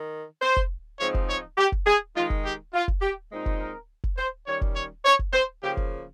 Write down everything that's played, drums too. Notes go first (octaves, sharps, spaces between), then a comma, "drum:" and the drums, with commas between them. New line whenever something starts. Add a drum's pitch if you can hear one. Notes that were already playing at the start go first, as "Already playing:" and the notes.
Already playing: D#3
C5
drum: kick F1
G#2 F3 G#3 C4 D#4 C#5
drum: kick F1
C#5
G4
drum: kick F1
G#4
D#3 G#3 D#4 F4
drum: kick F1
G4
F4
drum: kick F1
G4
A#2 G#3 C4 D#4
drum: kick F1
A#4
drum: kick F1
C5
D#3 G3 C#4 C#5
drum: kick F1
C#5
C#5
drum: kick F1
C5
C#3 F3 A#3 G4
drum: kick F1